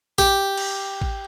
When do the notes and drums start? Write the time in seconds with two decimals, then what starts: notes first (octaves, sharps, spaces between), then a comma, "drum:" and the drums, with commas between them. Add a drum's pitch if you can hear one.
0.18 G4, drum: kick
0.57 drum: cymbal
1.01 drum: kick